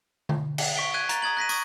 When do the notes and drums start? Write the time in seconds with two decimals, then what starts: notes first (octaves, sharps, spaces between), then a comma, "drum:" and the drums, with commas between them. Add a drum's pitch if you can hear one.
0.29 drum: tom D3
0.58 drum: cymbal
0.76 C#6 B6 D7 G7
0.94 F#6 G#6 D#7
1.09 A#5 A6, drum: hi-hat
1.22 A#5 D#6 G#6 F#7
1.37 F#6 A#6 B6 D#7
1.49 C#6 D#6, drum: tambourine